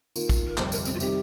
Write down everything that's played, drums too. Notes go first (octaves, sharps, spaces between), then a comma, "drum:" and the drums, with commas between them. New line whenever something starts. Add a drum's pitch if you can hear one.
D#3 A#3 F4, drum: tambourine
drum: kick, tambourine
A#4
G1 F2 C3 G3 C5, drum: clap
A#4, drum: tambourine
C4, drum: tambourine
F4
C3 D#3 G3 G4, drum: tambourine